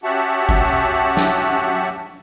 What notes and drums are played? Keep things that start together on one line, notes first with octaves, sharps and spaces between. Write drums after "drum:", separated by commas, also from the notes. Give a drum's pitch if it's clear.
C#4 F#4 G4 E5 F#5 A5
drum: kick F#1
drum: snare